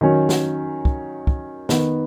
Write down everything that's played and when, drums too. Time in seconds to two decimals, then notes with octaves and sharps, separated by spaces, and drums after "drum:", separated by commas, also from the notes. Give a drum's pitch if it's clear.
0.01 D#3 F#3 C#4
0.29 drum: snare
0.85 drum: kick
1.27 drum: kick
1.69 D#3 B3 D#4, drum: snare